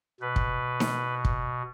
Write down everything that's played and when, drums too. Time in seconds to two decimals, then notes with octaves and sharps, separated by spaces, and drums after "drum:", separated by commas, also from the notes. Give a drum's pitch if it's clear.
0.21 B2 B4
0.36 drum: kick
0.80 drum: snare D#4
1.25 drum: kick